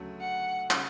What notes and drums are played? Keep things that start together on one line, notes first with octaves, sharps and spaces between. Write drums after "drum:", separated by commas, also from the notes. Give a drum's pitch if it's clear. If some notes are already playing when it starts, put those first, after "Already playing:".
Already playing: D2 C#3 F#3 A3
F#5
C#3 G3, drum: clap